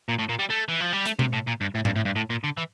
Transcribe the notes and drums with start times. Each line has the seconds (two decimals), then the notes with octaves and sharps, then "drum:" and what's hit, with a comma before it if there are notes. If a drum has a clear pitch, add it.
0.09 A#2
0.19 A2
0.29 A#2
0.39 G3
0.50 A3
0.69 E3
0.81 F3
0.93 G3
1.05 A3, drum: hi-hat
1.19 C3, drum: tom B2
1.33 A2
1.47 A#2
1.61 G2
1.75 A2
1.85 G2, drum: tom G#2
1.96 A2
2.05 G2
2.16 A2
2.30 A#2
2.44 D3
2.57 E3